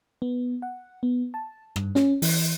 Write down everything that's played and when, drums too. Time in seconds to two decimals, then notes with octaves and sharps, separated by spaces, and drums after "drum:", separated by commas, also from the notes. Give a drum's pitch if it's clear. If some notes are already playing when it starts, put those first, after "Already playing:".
0.22 B3
0.62 F#5
1.03 B3
1.34 A5
1.76 G2, drum: rim click
1.95 C#4, drum: snare
2.22 E3, drum: open hi-hat